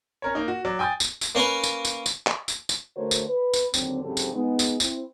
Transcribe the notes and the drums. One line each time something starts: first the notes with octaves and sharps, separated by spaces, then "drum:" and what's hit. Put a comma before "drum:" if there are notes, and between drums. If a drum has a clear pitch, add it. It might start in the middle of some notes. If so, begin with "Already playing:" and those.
C#4 A#4 C#5
A#3 D#4
F#4
F#3 D5
G5 G#5 D#6 G6 A6
drum: tambourine
drum: tambourine
A#3 C#4 A#4 B4
drum: tambourine
drum: tambourine
drum: tambourine
drum: clap
drum: tambourine
drum: tambourine
D3 A3 F#4 A#4 C5 C#5
drum: tambourine
B4
drum: tambourine
D#2 D3 F#3 C4, drum: tambourine
G#2 C#3 F#3 C4 G4 A4
drum: tambourine
G#3 B3 D#4
drum: tambourine
C4 E4, drum: tambourine